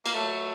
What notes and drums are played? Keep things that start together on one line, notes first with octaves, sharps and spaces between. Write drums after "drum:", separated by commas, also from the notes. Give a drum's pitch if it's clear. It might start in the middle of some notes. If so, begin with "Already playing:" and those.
A#3, drum: cymbal
F#3 A3